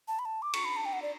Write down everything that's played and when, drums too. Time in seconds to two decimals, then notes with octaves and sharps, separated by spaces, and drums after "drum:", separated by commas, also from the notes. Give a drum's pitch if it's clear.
0.08 A5
0.19 B5
0.25 A5
0.42 D6
0.53 C#6, drum: cymbal
0.65 B5
0.77 A5
0.85 G5
0.93 F#5
1.02 D5